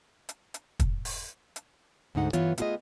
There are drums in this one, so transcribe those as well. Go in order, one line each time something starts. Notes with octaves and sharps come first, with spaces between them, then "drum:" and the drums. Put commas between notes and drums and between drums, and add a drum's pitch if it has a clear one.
drum: hi-hat
drum: hi-hat
drum: kick, hi-hat
drum: open hi-hat
drum: hi-hat
D2 G#2 D3 D#4 F#5
G2 E3 B3 F4 C#5, drum: hi-hat
A3 B3 F4 G4 G#4 D#5, drum: hi-hat